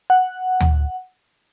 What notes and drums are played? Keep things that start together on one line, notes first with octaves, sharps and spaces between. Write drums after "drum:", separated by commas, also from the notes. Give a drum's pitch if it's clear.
F#5
drum: tom D2